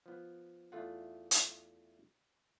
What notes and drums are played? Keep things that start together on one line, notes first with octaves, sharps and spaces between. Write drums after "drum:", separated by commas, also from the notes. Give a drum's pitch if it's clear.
F3 B3
E2 A3 F4 F#5
drum: hi-hat